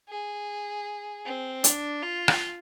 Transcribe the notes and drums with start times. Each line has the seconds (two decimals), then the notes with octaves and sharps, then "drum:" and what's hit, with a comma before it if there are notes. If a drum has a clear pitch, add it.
0.09 G#4
1.25 C4
1.64 D4, drum: hi-hat
2.03 F4
2.28 drum: rim click